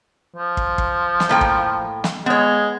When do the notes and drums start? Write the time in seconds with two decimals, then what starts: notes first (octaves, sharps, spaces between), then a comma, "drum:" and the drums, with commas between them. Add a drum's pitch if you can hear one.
0.36 F3
0.57 drum: kick
0.78 drum: kick
1.20 drum: snare
1.29 A2 A#3 G5
1.41 drum: kick
2.04 drum: snare
2.26 G#3 B3 C#5